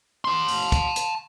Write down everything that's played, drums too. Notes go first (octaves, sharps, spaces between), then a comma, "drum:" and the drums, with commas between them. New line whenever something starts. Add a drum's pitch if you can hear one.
A5 C6
drum: open hi-hat
drum: kick, hi-hat
drum: hi-hat